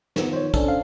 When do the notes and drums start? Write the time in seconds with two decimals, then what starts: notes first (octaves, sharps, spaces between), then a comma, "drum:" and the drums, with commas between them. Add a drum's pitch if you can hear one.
0.16 D#3 F3 B3, drum: snare
0.33 C5 C#5
0.54 C#4 D4 A4, drum: kick
0.68 F5